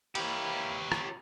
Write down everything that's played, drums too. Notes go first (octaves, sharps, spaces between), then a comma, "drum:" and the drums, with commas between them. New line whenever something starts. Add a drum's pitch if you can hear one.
D#2 A#3 E4 G4 B4 C#5, drum: cymbal
drum: rim click